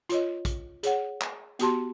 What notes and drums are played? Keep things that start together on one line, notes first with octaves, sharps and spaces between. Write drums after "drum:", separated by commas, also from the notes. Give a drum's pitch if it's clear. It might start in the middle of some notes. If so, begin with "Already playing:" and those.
F4 C#5 D#5, drum: hi-hat
drum: kick, hi-hat
G#4 C#5 F#5, drum: hi-hat
drum: clap
B3 F#4 G4 A5 C6, drum: hi-hat